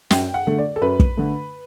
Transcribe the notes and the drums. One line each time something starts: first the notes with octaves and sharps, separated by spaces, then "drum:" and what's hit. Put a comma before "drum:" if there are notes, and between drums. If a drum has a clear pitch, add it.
F#2 G5, drum: snare
F#5
D3 A3
D5
A4
F#2 B4
drum: kick
D3 A3